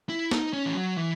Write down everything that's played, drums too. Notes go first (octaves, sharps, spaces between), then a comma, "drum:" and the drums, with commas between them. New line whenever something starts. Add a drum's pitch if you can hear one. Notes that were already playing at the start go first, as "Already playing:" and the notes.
E4
D#4, drum: snare
C#4
E3
F#3
E3